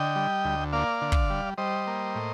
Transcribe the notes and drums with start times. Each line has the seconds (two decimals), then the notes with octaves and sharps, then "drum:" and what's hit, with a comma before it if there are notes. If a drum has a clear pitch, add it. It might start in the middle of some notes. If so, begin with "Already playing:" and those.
Already playing: D3 D#5 G5
0.16 G3
0.44 D2
0.73 A#3 D5 F5
1.01 D3
1.12 drum: kick
1.30 G3
1.58 G3 C5 D#5
1.87 A#3
2.15 A2